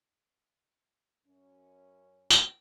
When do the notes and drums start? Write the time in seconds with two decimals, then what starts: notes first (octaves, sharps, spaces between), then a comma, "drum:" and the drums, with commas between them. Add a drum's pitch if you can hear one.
1.27 F#2 C#4
2.30 drum: tambourine